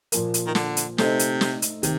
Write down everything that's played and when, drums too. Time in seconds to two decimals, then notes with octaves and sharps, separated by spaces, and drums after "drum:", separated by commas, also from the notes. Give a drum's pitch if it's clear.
0.12 A#2 F3 A#3, drum: hi-hat
0.34 drum: hi-hat
0.47 D#3
0.55 D3, drum: snare
0.77 drum: hi-hat
0.98 C3 A3 D#4 A4 C5 D#5, drum: snare
1.19 drum: hi-hat
1.41 drum: snare
1.62 drum: hi-hat
1.83 C3 D#3, drum: hi-hat